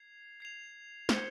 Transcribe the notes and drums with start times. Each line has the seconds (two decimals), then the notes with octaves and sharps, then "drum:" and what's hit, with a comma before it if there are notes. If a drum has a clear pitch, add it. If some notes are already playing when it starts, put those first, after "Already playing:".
Already playing: G#6 C7 F7
0.40 G#6 C7 F7
1.09 C5 G#6 C#7 E7 G7, drum: snare